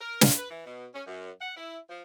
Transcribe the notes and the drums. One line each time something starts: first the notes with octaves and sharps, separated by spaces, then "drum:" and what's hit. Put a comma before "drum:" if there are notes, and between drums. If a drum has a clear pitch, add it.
A#4
F4, drum: snare
B4
E3
B2
C#4
F#2
F#5
E4
F3